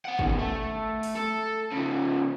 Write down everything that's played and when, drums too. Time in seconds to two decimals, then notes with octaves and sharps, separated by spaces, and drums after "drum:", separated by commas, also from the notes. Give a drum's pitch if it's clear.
0.05 C4 F#5
0.19 B2 D#3, drum: kick
0.39 A3
1.03 drum: open hi-hat
1.16 A4
1.72 C#3 F3